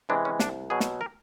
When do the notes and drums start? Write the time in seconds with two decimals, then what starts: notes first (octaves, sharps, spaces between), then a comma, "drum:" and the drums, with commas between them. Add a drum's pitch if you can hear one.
0.09 C3 E3 G#3 D4
0.25 C#4
0.39 C2 D4, drum: snare
0.70 B2 F#3 G#4
0.80 drum: snare
1.01 A#4